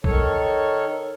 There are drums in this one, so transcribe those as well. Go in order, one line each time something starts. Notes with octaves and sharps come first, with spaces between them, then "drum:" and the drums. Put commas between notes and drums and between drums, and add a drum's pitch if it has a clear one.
D#3 A4 C#5, drum: kick